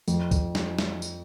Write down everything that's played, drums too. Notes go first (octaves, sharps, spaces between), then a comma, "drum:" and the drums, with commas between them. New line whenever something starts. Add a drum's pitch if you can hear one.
F2, drum: tambourine
drum: kick, tambourine
drum: snare
drum: snare
drum: tambourine